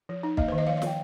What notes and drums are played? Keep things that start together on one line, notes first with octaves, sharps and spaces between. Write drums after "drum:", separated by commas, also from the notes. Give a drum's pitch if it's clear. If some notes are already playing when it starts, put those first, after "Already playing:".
F3
D#4
A#3 D#5, drum: kick
C5
D#3
D#5
F3 F5
F5
F3 G5, drum: snare